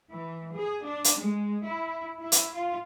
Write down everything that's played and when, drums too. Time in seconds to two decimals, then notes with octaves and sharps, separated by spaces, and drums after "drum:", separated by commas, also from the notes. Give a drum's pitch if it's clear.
0.10 E3
0.54 G#4
0.84 D4
1.04 drum: hi-hat
1.16 G#3
1.61 E4
2.19 E4
2.32 drum: hi-hat
2.53 F4